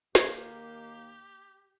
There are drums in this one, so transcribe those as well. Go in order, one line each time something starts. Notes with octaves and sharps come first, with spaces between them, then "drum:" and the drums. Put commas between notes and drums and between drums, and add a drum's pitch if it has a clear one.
D#2 A#3 G4 G#6, drum: snare